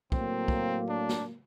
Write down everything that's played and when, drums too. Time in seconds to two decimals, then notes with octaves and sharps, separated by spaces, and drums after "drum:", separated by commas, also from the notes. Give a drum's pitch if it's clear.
0.12 A2 F#3 A#3 C4, drum: kick
0.48 drum: kick
0.89 D4
1.09 drum: snare